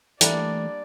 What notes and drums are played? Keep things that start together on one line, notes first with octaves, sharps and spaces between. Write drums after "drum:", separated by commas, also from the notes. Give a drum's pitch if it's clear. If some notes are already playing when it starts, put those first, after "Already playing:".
E3 G3 A3 A#3 D4 D5, drum: hi-hat